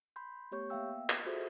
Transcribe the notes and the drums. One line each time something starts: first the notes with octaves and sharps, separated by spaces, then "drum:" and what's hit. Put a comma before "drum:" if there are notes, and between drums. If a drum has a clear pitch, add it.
B5 C6 G6
A3 B3 G4 C#5 C#6 G6
A#3 B3 E5 F5 G5 E6
drum: clap
F4 F#4 G#4 A4 C5 E5